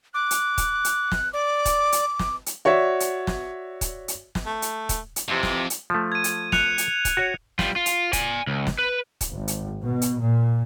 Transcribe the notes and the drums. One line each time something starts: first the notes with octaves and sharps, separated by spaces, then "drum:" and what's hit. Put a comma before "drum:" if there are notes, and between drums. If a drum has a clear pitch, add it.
D6 F#6
drum: hi-hat
drum: kick, hi-hat
drum: hi-hat
drum: snare
D5 D6
drum: kick, hi-hat
drum: hi-hat
drum: snare
drum: hi-hat
F#4 C#5 D5 E5
drum: hi-hat
drum: snare
drum: kick, hi-hat
drum: hi-hat
drum: snare
A3
drum: hi-hat
drum: kick, hi-hat
drum: hi-hat
F2 C3 E3
drum: snare
drum: hi-hat
F3 A3
G#6 D#7
drum: hi-hat
F#6 C#7 F7, drum: snare
drum: hi-hat
drum: kick, hi-hat
F#4 C#5
G3 F4, drum: snare
F4
drum: hi-hat
D5 G#5, drum: kick, hi-hat
C#2
drum: snare
B4
drum: kick, hi-hat
G#1
drum: hi-hat
B2
drum: hi-hat
A#2